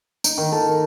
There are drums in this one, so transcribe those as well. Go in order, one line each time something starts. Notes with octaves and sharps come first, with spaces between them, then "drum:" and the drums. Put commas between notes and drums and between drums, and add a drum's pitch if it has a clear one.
D#4, drum: tambourine
D#3
A4
A#4